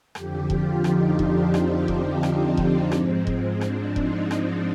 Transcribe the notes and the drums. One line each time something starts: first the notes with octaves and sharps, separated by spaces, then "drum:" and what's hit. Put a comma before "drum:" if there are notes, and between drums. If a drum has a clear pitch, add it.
F2 D3 F3 G4, drum: rim click
F4, drum: kick E1
D#4, drum: rim click
D4, drum: kick E1
C4, drum: rim click
drum: kick E1
D4, drum: rim click
drum: kick E1
G#2 F3 G#3 C4, drum: rim click
drum: kick E1
D4, drum: rim click
D#4, drum: kick E1
drum: rim click